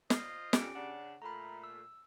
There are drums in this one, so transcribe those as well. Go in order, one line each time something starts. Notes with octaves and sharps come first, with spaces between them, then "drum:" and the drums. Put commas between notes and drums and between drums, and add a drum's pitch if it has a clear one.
F4 C5 D#5, drum: snare
F2 C#4 G4 D7, drum: snare
C#3 D4 F#5
A#2 A3 A#5 B5
E6